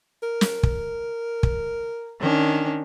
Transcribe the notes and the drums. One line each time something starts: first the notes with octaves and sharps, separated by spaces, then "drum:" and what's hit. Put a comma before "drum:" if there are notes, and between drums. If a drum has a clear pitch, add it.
A#4
drum: snare
drum: kick
drum: kick
D#3 C#4 D4